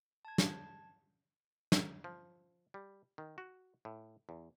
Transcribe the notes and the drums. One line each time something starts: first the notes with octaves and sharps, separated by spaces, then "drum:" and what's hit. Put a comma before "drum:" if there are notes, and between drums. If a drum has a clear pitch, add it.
A5 G#6
drum: snare
drum: snare
F3
G3
D#3
F#4
A2
E2